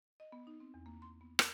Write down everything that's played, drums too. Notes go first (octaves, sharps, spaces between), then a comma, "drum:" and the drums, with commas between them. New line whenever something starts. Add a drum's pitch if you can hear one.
D#5
B3
D#4
C4
E2
A#3
C6
B3
A#4, drum: rim click